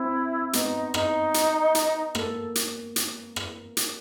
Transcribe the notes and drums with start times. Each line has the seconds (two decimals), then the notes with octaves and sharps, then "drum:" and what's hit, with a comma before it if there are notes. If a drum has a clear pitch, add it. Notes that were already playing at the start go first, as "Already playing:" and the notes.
Already playing: C4 E4
0.53 B3 D#4, drum: hi-hat
0.94 D#4, drum: rim click
1.34 drum: hi-hat
1.75 drum: hi-hat
2.15 A#3 A4, drum: rim click
2.55 drum: hi-hat
2.96 drum: hi-hat
3.36 drum: rim click
3.77 drum: hi-hat